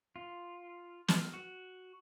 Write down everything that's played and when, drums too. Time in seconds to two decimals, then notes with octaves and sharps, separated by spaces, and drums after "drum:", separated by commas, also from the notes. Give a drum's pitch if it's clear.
0.16 F4
1.08 F6, drum: snare
1.33 F#4